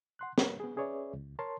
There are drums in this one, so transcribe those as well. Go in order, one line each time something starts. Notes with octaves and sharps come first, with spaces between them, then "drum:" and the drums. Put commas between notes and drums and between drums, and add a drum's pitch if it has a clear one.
F#5 C6 F#6
A#3 A#4 B4 C#5, drum: snare
B3 G#4
C#4 G#4 B4 C#5 D5 E5
C#2
A#4 C#5 A5 C6